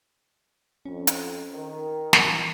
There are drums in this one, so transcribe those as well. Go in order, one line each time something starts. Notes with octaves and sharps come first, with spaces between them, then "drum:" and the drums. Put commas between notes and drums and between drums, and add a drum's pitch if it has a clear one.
F2 C#4
drum: hi-hat
D#3
E3, drum: snare